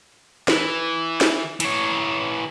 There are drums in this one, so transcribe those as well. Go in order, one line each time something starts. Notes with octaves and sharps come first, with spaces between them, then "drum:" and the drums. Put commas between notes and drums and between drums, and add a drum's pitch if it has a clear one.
E3, drum: snare
drum: snare
E3 C#5, drum: hi-hat